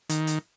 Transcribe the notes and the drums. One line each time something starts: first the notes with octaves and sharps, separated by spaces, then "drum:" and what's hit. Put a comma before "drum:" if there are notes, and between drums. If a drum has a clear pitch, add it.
D#3, drum: hi-hat
drum: hi-hat